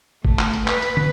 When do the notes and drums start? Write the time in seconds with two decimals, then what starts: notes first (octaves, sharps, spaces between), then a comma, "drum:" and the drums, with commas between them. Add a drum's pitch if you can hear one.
0.25 A3, drum: kick F#1
0.39 drum: clap
0.53 drum: hi-hat
0.68 B4, drum: clap
0.82 drum: hi-hat
0.97 drum: tom